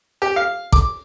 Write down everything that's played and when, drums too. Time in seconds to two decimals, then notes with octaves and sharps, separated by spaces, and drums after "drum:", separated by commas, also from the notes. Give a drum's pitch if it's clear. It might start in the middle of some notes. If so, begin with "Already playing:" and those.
0.22 G4
0.36 F5
0.72 D6, drum: kick A1